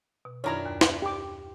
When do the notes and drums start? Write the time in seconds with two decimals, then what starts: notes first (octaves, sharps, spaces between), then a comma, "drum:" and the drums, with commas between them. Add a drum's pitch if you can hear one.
0.25 B2
0.44 F#2 D#3 D4 E4 F4 C#5 A#5
0.66 D#2
0.81 drum: snare
1.02 G4 D6